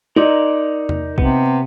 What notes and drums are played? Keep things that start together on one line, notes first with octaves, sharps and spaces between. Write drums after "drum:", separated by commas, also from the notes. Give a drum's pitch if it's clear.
D#4 A#4 D5
drum: tom E2
C3 B3, drum: kick